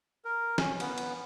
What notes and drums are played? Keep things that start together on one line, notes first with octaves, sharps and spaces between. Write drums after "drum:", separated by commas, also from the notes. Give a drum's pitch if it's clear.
A#4
C#4, drum: snare
B3, drum: cymbal
drum: cymbal